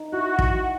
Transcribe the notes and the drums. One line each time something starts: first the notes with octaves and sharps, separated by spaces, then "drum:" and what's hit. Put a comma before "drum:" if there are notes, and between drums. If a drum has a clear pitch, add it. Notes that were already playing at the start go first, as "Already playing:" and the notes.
Already playing: D#4
E4 F#4
drum: kick